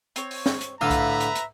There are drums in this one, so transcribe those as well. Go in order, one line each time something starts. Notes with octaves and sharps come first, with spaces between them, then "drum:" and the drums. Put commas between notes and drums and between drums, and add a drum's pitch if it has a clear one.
C4 C#5, drum: hi-hat
drum: open hi-hat
drum: snare
drum: hi-hat
A2 D3 F4 B4 E5 F5 A#5 E6
drum: kick C2, hi-hat
drum: hi-hat
drum: hi-hat